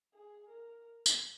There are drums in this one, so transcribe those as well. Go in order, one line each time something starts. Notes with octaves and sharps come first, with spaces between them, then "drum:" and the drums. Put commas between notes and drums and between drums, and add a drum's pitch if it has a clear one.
G#4
A#4
drum: tambourine